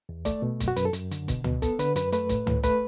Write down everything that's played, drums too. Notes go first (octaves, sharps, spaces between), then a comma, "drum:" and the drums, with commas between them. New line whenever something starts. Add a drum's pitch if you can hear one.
E2
A3 D5, drum: kick, hi-hat
B2
F#2, drum: kick, hi-hat
F#4
F#2 B4, drum: hi-hat
A4
F#2, drum: hi-hat
D3, drum: hi-hat
B2, drum: kick, hi-hat
B2, drum: tom C#2
B3 A4, drum: kick, hi-hat
D3 B4, drum: hi-hat
F#2 B4, drum: hi-hat
A3 B4, drum: hi-hat
A2, drum: kick, hi-hat
A2, drum: tom C#2
A3 B4, drum: kick, hi-hat